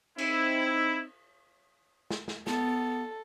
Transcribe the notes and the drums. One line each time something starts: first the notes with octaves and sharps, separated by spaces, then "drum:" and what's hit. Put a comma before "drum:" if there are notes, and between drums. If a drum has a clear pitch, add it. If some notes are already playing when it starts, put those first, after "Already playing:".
C4 D#4 E4, drum: cymbal
drum: snare
drum: snare
B3 A4, drum: snare